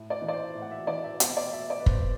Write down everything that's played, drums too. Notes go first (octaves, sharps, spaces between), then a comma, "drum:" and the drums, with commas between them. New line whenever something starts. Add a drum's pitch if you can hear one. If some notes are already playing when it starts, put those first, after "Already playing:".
Already playing: A2
D5
E3
D5
C5
A2
F#5
E5
E3 D5
E5
B2 C5, drum: hi-hat
D5
E5
D5
B4
B2 C5, drum: kick